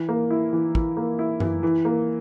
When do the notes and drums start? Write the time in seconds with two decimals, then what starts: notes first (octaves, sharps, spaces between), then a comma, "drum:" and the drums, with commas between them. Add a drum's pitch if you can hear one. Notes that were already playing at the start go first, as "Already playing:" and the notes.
Already playing: E3
0.09 A#3
0.30 E4
0.53 E3
0.75 E3, drum: kick
0.97 A#3
1.19 E4
1.40 E3, drum: tom F#2
1.63 E3
1.85 A#3